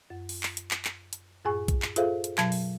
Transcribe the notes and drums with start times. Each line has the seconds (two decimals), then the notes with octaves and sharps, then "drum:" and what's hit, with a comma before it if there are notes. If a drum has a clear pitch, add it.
0.10 F#2
0.29 drum: open hi-hat
0.43 drum: clap
0.57 drum: hi-hat
0.71 drum: clap
0.85 drum: clap
1.13 drum: hi-hat
1.44 F#2 A2 G#4 G#5 C#6
1.68 drum: kick B1, hi-hat
1.82 drum: clap
1.96 F4 G#4 A4 C5 E5 F5, drum: hi-hat
2.24 drum: hi-hat
2.38 B2 F#3 A5 G#6, drum: clap
2.52 drum: open hi-hat